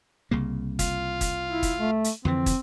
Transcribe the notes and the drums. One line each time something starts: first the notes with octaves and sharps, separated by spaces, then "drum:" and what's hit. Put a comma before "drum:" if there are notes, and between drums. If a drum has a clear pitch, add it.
C2 C#3 A#3
F4, drum: kick, hi-hat
drum: kick, hi-hat
E4
drum: kick, hi-hat
A3
drum: hi-hat
F2 D3 E3 C4
drum: kick, hi-hat